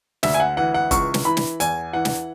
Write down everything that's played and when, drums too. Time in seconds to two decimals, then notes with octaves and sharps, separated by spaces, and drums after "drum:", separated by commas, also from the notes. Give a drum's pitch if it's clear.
0.23 D2 E5, drum: snare
0.34 G#5
0.40 F#5
0.57 E3 F#5
0.74 F#5
0.91 C#2 C#6, drum: kick, hi-hat
1.14 drum: snare
1.25 E3 B5
1.37 drum: snare
1.60 E2 G#5, drum: hi-hat
1.93 E3 F#5
2.05 drum: snare